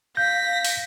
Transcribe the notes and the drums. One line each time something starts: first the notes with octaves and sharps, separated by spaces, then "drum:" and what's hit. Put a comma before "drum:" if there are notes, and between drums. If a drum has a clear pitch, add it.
F5 G6 A#6 B6
drum: open hi-hat